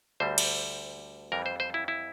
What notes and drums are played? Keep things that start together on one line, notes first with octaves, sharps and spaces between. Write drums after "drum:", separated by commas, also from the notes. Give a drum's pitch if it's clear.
D2 D3 G3 C5
drum: cymbal
F2 E3 G3 A#4
C5
C5
E4
E4